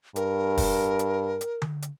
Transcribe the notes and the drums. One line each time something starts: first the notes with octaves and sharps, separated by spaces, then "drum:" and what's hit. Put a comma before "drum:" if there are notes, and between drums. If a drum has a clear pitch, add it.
G2 A#4, drum: hi-hat
drum: kick, open hi-hat
drum: hi-hat
drum: hi-hat
drum: tom D3
drum: hi-hat